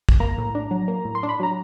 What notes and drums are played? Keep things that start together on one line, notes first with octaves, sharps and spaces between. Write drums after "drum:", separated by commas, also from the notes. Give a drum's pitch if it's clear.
drum: kick
A#3 A#5
A2
D4
F#3
A#3
A2
C6
D4
B5
F#3 A#5